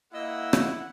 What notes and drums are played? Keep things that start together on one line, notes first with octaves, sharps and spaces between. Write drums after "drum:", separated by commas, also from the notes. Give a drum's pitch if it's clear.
A#3 E4 D#5 F#5 E6
drum: rim click